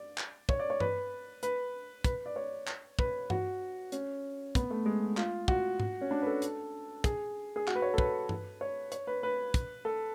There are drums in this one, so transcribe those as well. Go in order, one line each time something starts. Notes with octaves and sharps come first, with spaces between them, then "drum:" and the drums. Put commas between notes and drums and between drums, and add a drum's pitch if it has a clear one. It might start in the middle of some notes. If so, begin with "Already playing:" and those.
Already playing: D5
drum: clap
C#5, drum: kick
D5
C#5
B4, drum: tom G2
B4, drum: hi-hat
B4, drum: kick, hi-hat
D5
C#5
drum: clap
B4, drum: kick
F#4, drum: tom G2
C#4, drum: hi-hat
B3, drum: kick, hi-hat
A3
G#3
F4, drum: clap
F#4, drum: kick
drum: tom G#2
C#4
D4
B4
A4
drum: hi-hat
G#4, drum: kick, hi-hat
G#4
F#4, drum: clap
B4
C#5
A4
B4, drum: kick
drum: tom G2
C#5
C#5, drum: hi-hat
B4
B4
drum: kick, hi-hat
A4